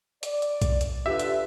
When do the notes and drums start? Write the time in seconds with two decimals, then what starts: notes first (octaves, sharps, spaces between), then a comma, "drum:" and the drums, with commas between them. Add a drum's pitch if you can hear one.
0.23 D5, drum: hi-hat
0.42 drum: hi-hat
0.62 drum: kick B1, hi-hat
0.81 drum: hi-hat
1.06 D3 F4 G4 B4 E5
1.19 drum: hi-hat